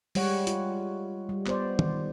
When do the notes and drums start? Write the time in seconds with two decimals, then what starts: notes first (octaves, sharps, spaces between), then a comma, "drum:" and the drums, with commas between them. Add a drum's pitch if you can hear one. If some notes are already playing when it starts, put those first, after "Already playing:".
0.15 G3 G#3 C#5 F#5, drum: open hi-hat
0.47 F4, drum: hi-hat
1.29 G3
1.46 B3 C5 D5, drum: clap
1.79 D#3, drum: tom